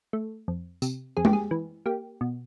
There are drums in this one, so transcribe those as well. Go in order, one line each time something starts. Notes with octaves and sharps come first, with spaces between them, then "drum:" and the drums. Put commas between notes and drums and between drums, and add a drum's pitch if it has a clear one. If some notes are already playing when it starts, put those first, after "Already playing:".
A3
F2
C3, drum: tambourine
F2 G#4
G4, drum: tom G#3
G#4
E3
A#3 G4
B2